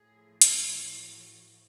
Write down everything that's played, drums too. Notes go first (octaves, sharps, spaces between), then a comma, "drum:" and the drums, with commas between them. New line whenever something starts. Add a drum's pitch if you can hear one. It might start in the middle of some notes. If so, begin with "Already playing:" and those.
Already playing: A2 F3 G#4
F#4, drum: hi-hat